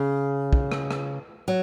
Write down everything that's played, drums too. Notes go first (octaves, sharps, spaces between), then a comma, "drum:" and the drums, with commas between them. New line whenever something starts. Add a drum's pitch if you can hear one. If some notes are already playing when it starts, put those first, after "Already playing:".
Already playing: C#3
drum: kick
drum: rim click
drum: rim click
F#3